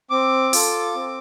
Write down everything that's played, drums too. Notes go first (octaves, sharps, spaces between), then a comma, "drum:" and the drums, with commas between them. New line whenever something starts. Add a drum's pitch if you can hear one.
C4 D6
F4 A4, drum: open hi-hat
C4